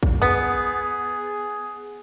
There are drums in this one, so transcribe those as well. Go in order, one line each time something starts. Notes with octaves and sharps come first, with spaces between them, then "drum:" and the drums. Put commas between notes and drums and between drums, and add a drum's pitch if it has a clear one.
drum: kick
B3 G#4, drum: tom F2